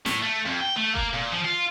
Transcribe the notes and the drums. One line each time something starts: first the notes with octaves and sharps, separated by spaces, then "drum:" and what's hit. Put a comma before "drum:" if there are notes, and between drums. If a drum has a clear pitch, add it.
A2, drum: snare
A3
F2
G5
A3
A#3, drum: kick F1
A#2
F3
F4